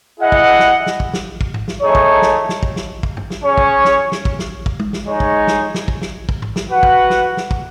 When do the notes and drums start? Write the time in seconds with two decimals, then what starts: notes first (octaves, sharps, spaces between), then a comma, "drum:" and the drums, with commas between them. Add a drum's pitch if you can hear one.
0.19 E4 G#4 D#5 F#5
0.32 drum: kick
0.59 drum: snare
0.86 drum: snare
1.00 drum: kick
1.14 drum: snare
1.41 drum: kick
1.54 drum: tom G#2
1.68 drum: snare
1.81 A3 D#4 G#4 C#5
1.95 drum: kick
2.22 drum: snare
2.49 drum: snare
2.63 drum: kick
2.76 drum: snare
3.03 drum: kick
3.17 drum: tom G2
3.30 drum: snare
3.44 C#4 G#4 C#5
3.58 drum: kick
3.85 drum: snare
4.12 drum: snare
4.25 drum: kick
4.39 drum: snare
4.66 drum: kick
4.80 drum: tom G#3
4.93 drum: snare
5.06 G#3 D#4 G#4 C#5
5.20 drum: kick
5.47 drum: snare
5.74 drum: snare
5.88 drum: kick
6.02 drum: snare
6.29 drum: kick
6.42 drum: tom G#2
6.56 drum: snare
6.70 F#4 B4 F#5
6.83 drum: kick
7.10 drum: snare
7.37 drum: snare
7.51 drum: kick